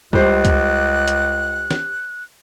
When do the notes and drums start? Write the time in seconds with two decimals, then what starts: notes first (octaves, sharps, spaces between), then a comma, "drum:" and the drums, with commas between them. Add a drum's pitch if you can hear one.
0.13 C#2 G3 C5 F#6, drum: kick
0.45 drum: kick, hi-hat
1.08 drum: hi-hat
1.71 drum: snare